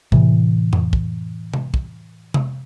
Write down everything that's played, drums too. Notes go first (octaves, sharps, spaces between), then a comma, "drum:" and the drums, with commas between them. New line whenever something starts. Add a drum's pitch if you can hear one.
A2 C3 E3, drum: kick
drum: tom F2
drum: kick
drum: tom C3
drum: kick
drum: tom C3